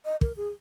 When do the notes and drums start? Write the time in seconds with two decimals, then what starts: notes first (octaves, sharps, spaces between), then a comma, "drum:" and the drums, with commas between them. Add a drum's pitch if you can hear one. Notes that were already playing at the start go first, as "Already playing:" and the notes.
0.05 D#5
0.21 A#4, drum: kick
0.37 G#4